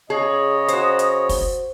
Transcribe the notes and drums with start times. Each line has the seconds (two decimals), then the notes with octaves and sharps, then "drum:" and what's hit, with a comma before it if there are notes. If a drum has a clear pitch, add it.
0.10 C#3 G#4 C#5 D#5
0.68 F#4 C5, drum: hi-hat
0.99 drum: hi-hat
1.29 drum: kick, open hi-hat